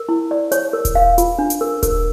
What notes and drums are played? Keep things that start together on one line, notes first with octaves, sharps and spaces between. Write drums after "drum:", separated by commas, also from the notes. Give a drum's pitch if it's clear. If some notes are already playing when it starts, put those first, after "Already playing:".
Already playing: A#4
E4
D5
C#5, drum: hi-hat
A#4
drum: kick D#1, hi-hat
F5
F4, drum: hi-hat
D4
drum: hi-hat
A#4
A#4, drum: kick D#1, hi-hat